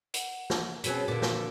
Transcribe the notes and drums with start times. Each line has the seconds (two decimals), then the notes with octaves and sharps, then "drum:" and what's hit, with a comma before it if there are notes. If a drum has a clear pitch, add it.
0.14 F#5, drum: hi-hat
0.50 drum: snare
0.84 B2 C4 C#4 F#4 G#4 B4, drum: hi-hat
1.08 A#2 D3 D4 F#4 B4
1.22 drum: snare